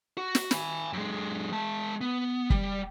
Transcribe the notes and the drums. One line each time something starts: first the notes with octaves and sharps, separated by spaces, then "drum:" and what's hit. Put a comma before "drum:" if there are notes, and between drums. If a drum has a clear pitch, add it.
F#4
drum: snare
G#5 B5, drum: snare
F#2 G#3
G#3 A5
B3
G3, drum: kick